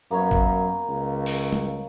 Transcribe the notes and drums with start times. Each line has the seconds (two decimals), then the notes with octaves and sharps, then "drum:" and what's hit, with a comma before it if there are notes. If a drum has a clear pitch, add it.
0.11 F#2 A#3 B3 C#5
0.31 drum: kick
0.88 C#2
1.26 drum: open hi-hat
1.53 drum: tom G3